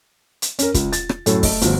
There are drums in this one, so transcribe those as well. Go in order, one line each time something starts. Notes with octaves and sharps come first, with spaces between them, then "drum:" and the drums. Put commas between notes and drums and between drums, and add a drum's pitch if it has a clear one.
drum: hi-hat
C#4 A#4, drum: hi-hat
C#2, drum: kick, hi-hat
A6, drum: hi-hat
drum: rim click
F#2 A2 A4, drum: hi-hat
A3 D#5, drum: kick, open hi-hat
G1 D2 F3, drum: hi-hat